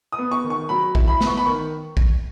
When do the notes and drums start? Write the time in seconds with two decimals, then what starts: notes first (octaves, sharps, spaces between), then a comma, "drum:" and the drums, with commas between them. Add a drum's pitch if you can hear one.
0.12 D#6
0.18 B3
0.32 C#6
0.44 D#3
0.50 C#6
0.69 F#3 B5
0.95 E4, drum: kick
1.08 B5
1.21 B3, drum: snare
1.27 C#6
1.37 B5
1.46 D#3 C#6
1.97 drum: kick